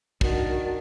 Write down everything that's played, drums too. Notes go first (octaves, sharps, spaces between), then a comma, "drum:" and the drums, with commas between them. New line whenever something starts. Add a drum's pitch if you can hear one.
D#3 D4 F#4 A#4 F#5, drum: kick